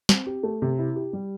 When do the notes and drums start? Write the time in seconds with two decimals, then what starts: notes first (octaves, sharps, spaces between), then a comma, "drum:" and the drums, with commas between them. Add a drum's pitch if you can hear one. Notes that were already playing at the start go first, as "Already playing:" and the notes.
0.09 C4, drum: snare
0.27 G4
0.43 A3
0.62 C3
0.79 E4
0.96 G4
1.13 G3